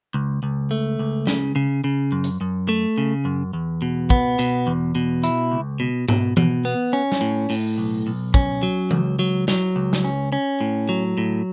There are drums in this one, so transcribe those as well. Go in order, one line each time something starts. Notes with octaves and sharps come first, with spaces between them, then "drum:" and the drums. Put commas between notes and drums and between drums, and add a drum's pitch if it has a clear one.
C#2
C#2
A3
C#2
C#3, drum: snare
C#3
C#3
F#2
drum: hi-hat
F#2
A3
C#3
F#2
E2
B2
B3, drum: kick
B2, drum: hi-hat
E2
B2
E4, drum: hi-hat
C#2
B2
B2, drum: tom G#2
B2, drum: tom E3
B3
C#4
drum: snare
A2
A2, drum: open hi-hat
B1
B1
C#4, drum: kick
F#3
C#2, drum: tom E3
F#3
F#3, drum: snare
C#2
drum: snare
C#4
C#4
A2
F#3
A2